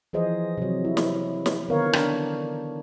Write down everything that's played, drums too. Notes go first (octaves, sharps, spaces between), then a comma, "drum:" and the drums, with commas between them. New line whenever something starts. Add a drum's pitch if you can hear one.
E3 F3 G#4 C5 D#5
C3 F#3
E4
drum: snare
drum: snare
D3 D#3 B3 A#4 C#5 F5
D4, drum: rim click